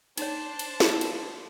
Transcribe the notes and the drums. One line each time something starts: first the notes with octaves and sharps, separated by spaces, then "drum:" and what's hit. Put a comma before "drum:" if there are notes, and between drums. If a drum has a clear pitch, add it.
D4 D#4 C5 C#5 A5, drum: cymbal
drum: cymbal
drum: snare
drum: cymbal